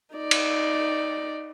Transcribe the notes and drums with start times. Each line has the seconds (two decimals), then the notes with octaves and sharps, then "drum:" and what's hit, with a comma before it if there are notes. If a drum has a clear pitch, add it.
0.15 D#4 D5
0.31 drum: cymbal